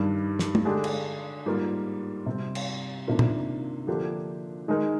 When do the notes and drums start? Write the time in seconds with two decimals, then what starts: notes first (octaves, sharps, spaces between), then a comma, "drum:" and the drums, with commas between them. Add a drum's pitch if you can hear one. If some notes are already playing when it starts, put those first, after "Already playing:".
Already playing: G2 D#3 G3 D4
0.39 drum: snare
0.55 drum: tom
0.65 D3 G#3 D4 G4
0.84 drum: cymbal
1.46 G#2 G3 A#3 F4
2.26 C3 G3 C4
2.55 drum: cymbal
3.07 C3 D#3 A#3 D4 F4
3.19 drum: tom A#2
3.87 D3 F3 A#3 D4 G4
4.68 D#3 G#3 D#4 A#4